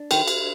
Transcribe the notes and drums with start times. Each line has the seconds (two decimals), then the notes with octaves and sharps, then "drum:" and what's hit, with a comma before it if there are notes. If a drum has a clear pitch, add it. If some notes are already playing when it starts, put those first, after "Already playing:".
Already playing: D4
0.11 D#3 A4, drum: cymbal
0.28 drum: cymbal